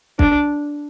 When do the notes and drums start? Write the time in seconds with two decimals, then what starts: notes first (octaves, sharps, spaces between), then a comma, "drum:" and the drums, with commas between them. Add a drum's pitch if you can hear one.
0.19 D4, drum: kick